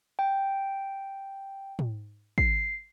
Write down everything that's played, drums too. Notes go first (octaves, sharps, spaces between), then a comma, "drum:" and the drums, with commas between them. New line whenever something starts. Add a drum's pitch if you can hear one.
G5
drum: tom
C7, drum: kick